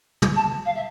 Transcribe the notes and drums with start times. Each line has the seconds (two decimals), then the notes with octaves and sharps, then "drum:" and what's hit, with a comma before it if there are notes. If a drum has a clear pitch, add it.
0.22 drum: tom
0.36 A5
0.65 F5
0.75 E5